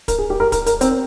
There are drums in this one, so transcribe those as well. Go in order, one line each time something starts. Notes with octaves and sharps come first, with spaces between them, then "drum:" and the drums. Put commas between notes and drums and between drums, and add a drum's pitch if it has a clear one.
A#4, drum: kick, hi-hat
G#4
G4
A#4
A#4, drum: kick, hi-hat
A#4, drum: hi-hat
C4, drum: hi-hat